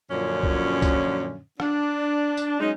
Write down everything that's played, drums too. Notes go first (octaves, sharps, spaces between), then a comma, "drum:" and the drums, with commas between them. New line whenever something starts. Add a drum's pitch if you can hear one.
F#2 A#2 D3 F3 C#4
drum: kick C2
drum: kick C2, tambourine
D4, drum: rim click
drum: tambourine
F#3 G#3 C#4 D#4